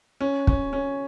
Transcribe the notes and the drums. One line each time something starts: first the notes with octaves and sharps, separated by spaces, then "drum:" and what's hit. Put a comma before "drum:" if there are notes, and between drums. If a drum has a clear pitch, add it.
C#4
C#4, drum: kick
C#4